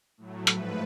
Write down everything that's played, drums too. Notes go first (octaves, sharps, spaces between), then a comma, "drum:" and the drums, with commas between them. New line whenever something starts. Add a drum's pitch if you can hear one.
A2 F#3 A3
G#2 F3 A3 B4, drum: hi-hat